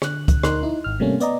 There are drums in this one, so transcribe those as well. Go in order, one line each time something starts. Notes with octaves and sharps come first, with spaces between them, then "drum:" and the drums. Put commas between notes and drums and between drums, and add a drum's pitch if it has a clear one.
D3 F#6, drum: rim click
drum: kick C#2, hi-hat
D2 D#4 A#4 C6 F#6, drum: rim click
D#4 E4
G#1 F6
C3 G3 A3 A#3 C#4
B3 D5 D#5 A#5, drum: hi-hat